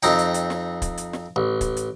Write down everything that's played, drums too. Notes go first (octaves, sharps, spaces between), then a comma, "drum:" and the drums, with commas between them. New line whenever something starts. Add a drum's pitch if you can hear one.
F2 C4 D#4 G5, drum: hi-hat
drum: hi-hat
drum: hi-hat
drum: snare
drum: kick, hi-hat
drum: hi-hat
drum: snare
A1
drum: kick, hi-hat
drum: hi-hat